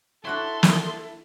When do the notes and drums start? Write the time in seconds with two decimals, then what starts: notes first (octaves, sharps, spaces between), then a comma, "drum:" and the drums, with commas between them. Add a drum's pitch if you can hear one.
0.25 D4 E4 F#4 A4 C#5 C6
0.63 drum: snare